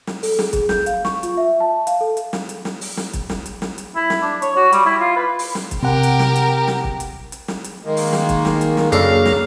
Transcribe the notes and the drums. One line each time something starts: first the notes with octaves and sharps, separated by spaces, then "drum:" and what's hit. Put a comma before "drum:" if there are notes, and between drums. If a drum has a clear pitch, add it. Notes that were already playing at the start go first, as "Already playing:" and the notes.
drum: snare
A4, drum: open hi-hat
G#4, drum: snare
G#4, drum: kick, hi-hat
G6, drum: snare
F5, drum: hi-hat
C#6, drum: snare
F4, drum: hi-hat
E5
A5
F5, drum: hi-hat
A4
drum: hi-hat
drum: snare
drum: hi-hat
drum: snare
drum: open hi-hat
drum: snare
drum: kick, hi-hat
drum: snare
drum: hi-hat
drum: snare
drum: hi-hat
E4
drum: snare
D4
C#5, drum: hi-hat
F#4
G3, drum: hi-hat
E4
F4
B4
drum: open hi-hat
drum: snare
drum: kick, hi-hat
C3 G4 A#4 F#5
drum: hi-hat
drum: snare
drum: hi-hat
drum: snare
drum: kick
drum: hi-hat
drum: hi-hat
drum: snare
drum: hi-hat
D#3 G#3 A#3
drum: open hi-hat
drum: snare
drum: kick, hi-hat
drum: snare
drum: hi-hat
drum: snare
F#2 C#3 A#3 D4 A4 F5, drum: hi-hat
drum: snare